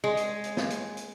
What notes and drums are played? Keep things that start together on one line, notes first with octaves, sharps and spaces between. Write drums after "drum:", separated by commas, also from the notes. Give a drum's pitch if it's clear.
G#3
drum: hi-hat
drum: hi-hat
drum: snare
drum: hi-hat
drum: hi-hat